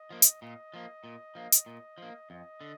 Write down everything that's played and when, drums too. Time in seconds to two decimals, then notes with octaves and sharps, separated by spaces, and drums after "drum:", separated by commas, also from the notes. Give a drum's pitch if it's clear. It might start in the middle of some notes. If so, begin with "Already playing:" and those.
Already playing: D#5
0.10 F3 A#3
0.22 drum: hi-hat
0.42 A#2 D#5
0.74 F3 A#3
1.04 A#2
1.35 F3 A#3
1.52 drum: hi-hat
1.66 A#2
1.98 F3 A#3
2.30 F2 D#5
2.61 D3